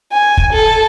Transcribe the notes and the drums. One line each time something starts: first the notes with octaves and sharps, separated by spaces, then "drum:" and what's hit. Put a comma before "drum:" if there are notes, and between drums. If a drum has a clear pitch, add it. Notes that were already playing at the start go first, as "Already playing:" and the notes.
G#5
drum: kick
A4